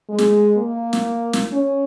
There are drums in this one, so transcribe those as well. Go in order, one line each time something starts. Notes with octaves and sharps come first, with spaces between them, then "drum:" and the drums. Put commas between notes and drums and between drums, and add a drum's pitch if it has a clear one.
G#3
drum: snare
A#3
drum: snare
drum: snare
C#4